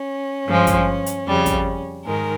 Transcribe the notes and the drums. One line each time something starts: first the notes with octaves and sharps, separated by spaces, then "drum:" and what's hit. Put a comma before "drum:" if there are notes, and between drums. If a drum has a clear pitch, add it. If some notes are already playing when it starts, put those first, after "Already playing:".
Already playing: C#4
G2 F3 G#3
drum: kick, hi-hat
drum: hi-hat
F2 C#3 G3
drum: kick, hi-hat
G#2 D#3 G#3 A#4